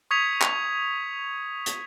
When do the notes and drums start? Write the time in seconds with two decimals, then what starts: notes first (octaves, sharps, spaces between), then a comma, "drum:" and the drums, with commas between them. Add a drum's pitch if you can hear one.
0.11 C#6 D#6 G#6 B6 C#7 F7
0.42 drum: clap
1.66 drum: hi-hat